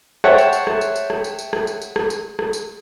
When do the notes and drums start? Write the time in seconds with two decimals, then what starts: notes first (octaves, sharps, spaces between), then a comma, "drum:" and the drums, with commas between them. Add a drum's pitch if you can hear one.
0.24 C5 C#5 E5 F#5 G5 A5, drum: rim click
0.38 drum: tambourine
0.53 drum: tambourine
0.67 drum: rim click
0.81 drum: tambourine
0.96 drum: tambourine
1.10 drum: rim click
1.24 drum: tambourine
1.39 drum: tambourine
1.53 drum: rim click
1.67 drum: tambourine
1.82 drum: tambourine
1.96 drum: rim click
2.10 drum: tambourine
2.39 drum: rim click
2.53 drum: tambourine